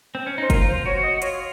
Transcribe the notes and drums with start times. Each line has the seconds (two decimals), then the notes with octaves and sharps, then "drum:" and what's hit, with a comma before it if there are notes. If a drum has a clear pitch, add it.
0.15 C4
0.26 C#4
0.38 D#4 C5
0.50 F4 A#4, drum: kick F#1, hi-hat
0.68 C5
0.85 F#4 C#5
1.03 D#5
1.22 F4 C#5, drum: hi-hat